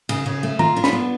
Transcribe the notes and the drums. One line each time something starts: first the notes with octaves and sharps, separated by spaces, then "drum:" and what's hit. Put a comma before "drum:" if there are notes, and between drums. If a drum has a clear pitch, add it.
C#3, drum: cymbal
C#3
A3
F4 A#5, drum: tom D#3
D4
B5, drum: snare
B3